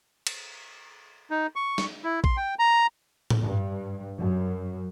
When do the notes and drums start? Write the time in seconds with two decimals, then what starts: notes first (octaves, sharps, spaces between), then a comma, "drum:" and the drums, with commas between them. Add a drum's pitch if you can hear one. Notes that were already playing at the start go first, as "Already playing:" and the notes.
0.27 drum: cymbal
1.30 D#4
1.56 C#6
1.78 drum: snare
2.04 E4
2.24 C6, drum: kick A#1
2.37 G5
2.59 A#5
3.30 drum: tom A2
3.43 G2
4.20 F#2